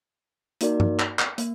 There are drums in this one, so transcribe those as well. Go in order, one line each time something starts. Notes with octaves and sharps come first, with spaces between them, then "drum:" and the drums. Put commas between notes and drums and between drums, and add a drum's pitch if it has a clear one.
A#3 D#4 F#4 A#4 D5, drum: hi-hat
drum: tom G2
drum: clap
drum: clap
A#3, drum: hi-hat